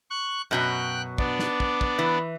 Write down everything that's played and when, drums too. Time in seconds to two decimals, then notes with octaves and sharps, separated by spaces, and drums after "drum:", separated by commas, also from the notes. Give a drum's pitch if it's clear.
0.10 C#6 F#6
0.51 F#2 B2 F#4 G5 F#6
1.18 B3 D4 D5, drum: kick
1.39 drum: snare
1.60 drum: kick
1.81 drum: kick
1.99 E3